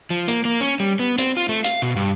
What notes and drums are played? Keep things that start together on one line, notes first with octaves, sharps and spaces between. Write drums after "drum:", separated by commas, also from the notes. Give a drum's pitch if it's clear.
F3
A#3, drum: hi-hat
A#3
C#4
G3
B3
C4, drum: hi-hat
F4
A3
F5, drum: hi-hat
B2
G2